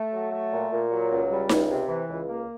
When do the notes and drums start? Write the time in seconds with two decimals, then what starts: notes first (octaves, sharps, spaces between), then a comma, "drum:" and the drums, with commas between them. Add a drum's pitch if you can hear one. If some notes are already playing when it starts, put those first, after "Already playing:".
Already playing: A3
0.13 F#3
0.32 A3
0.51 A#2
0.71 A#2
0.91 F#3
1.11 C#2
1.30 G3
1.49 C#2, drum: snare D#4
1.69 C3
1.88 E3
2.09 C#2
2.29 A#3